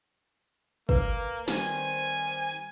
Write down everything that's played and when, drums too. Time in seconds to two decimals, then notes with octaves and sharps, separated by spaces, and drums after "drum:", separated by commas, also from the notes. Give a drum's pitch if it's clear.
0.89 A#3 B4, drum: kick
1.48 D#3 G3 C4 C5 G#5, drum: snare